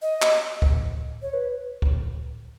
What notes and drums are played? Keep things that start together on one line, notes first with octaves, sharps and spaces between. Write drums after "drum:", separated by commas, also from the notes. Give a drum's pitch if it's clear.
D#5
drum: clap
drum: kick
C#5
B4
drum: kick